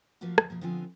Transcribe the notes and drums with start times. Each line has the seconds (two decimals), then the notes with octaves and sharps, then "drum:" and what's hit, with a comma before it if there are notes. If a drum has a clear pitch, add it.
0.21 F3 A3 A#3 F4 F#4
0.38 D2 F3, drum: rim click
0.50 B2 F3 A#3
0.61 D3 F3 B3 C4 F4 G#5